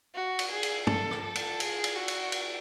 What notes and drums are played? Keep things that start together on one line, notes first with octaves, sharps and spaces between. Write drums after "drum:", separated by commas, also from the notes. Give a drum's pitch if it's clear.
F#4
drum: cymbal
G#4
drum: cymbal
A4, drum: tom
drum: rim click
A4
drum: cymbal
G#4, drum: cymbal
drum: cymbal
F#4
drum: cymbal
drum: cymbal